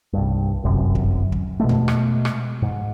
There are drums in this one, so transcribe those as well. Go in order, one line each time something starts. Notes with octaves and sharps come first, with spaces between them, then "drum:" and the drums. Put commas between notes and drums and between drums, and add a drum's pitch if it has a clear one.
C2 G2
D1 G1 F#2 C3
drum: kick
drum: kick
B2 G#3 A3
drum: tom E2
drum: rim click
drum: rim click
G#2